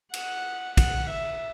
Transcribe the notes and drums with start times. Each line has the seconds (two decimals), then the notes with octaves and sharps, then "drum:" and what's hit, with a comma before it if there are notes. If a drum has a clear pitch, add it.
0.13 F#5, drum: cymbal
0.77 F#5, drum: kick, cymbal
1.10 E5